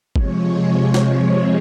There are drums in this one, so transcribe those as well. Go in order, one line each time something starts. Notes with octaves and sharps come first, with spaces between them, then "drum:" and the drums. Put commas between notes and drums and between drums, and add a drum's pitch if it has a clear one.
C3 F3 G#3 C#5, drum: kick G1
drum: snare